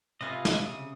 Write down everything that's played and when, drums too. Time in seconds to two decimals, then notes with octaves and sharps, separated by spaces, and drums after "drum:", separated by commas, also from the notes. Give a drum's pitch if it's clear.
0.21 C3 F4 B4 D#5 F5 G#5
0.45 drum: snare
0.65 C#3 D#6